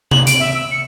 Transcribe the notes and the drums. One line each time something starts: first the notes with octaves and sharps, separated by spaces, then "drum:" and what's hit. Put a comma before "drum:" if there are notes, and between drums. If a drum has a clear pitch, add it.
F#7, drum: tom C3
D7, drum: hi-hat
E5
E6
C#7